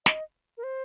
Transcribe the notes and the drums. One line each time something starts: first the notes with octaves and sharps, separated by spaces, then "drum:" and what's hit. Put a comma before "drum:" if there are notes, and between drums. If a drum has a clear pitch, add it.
D#5, drum: snare
A#4
C5